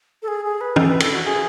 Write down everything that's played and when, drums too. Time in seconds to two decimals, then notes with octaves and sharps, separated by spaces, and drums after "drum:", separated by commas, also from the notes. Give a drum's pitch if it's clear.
0.22 A4
0.28 G#4
0.45 G#4
0.61 B4
0.76 A4, drum: tom
0.88 B4
1.00 A4, drum: cymbal
1.13 F#4
1.25 G#4